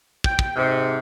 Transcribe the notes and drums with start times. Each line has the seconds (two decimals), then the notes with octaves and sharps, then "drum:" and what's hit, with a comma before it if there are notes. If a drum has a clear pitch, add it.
0.24 G5, drum: kick
0.39 drum: kick
0.56 G#2 C3